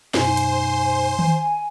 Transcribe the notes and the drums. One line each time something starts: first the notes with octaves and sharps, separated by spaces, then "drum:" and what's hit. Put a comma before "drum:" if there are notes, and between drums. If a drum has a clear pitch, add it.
F#2 B2 D#4 C5 G#5 C6, drum: snare
drum: hi-hat
drum: tom D#3